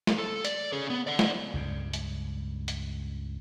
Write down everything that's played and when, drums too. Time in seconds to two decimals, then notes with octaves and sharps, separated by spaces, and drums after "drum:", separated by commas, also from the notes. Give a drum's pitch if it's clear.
0.07 drum: snare
0.18 A4
0.45 D5, drum: hi-hat
0.72 C#4 G#4
0.90 B3
1.07 D5 F#5
1.19 drum: snare
1.54 C#2 G2 C#3
1.94 drum: hi-hat
2.68 drum: hi-hat